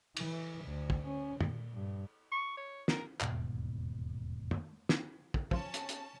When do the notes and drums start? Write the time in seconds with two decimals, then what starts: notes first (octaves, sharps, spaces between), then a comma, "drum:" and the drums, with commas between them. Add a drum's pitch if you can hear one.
0.17 E3, drum: cymbal
0.65 D2
0.90 drum: kick
1.07 C#4
1.41 A#2, drum: tom
1.74 G2
2.32 C#6
2.57 C#5
2.88 A#4, drum: snare
3.21 D#1 E2 G#2 B2, drum: clap
4.51 drum: tom
4.89 drum: snare
5.34 drum: kick
5.51 F3 C#4 F4 A5, drum: kick
5.74 drum: hi-hat
5.89 drum: hi-hat